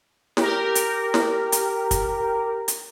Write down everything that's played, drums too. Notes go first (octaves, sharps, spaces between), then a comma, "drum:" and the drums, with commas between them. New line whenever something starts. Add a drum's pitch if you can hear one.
G4 A#4, drum: snare
drum: hi-hat
drum: snare
drum: hi-hat
drum: kick, hi-hat
drum: hi-hat